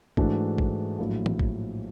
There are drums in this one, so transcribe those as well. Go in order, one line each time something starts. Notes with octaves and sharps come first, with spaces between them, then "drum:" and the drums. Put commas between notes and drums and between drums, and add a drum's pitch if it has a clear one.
G#2 E3 A3 D4 F#4, drum: kick A1
drum: kick A1
A#1 A2 F#3 A3
drum: tom
drum: kick A1